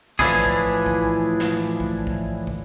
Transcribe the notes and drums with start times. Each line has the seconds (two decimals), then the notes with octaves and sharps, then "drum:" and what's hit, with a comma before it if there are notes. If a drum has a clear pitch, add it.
0.19 A2 E3 F3 D4 E4 G#4, drum: kick
0.46 drum: kick
0.86 drum: kick
1.40 drum: snare
1.80 drum: kick
2.07 drum: kick
2.47 drum: kick